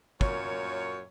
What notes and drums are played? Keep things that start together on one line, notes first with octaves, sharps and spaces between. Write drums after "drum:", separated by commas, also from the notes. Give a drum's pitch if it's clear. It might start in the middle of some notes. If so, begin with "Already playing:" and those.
F#2 A#2 C#5, drum: kick